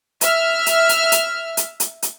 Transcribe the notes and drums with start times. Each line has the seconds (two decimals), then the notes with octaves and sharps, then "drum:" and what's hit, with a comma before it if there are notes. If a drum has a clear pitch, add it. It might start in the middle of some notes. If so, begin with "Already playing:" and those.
0.21 E5 F6, drum: hi-hat
0.66 drum: hi-hat
0.89 drum: hi-hat
1.12 drum: hi-hat
1.57 drum: hi-hat
1.80 drum: hi-hat
2.02 drum: hi-hat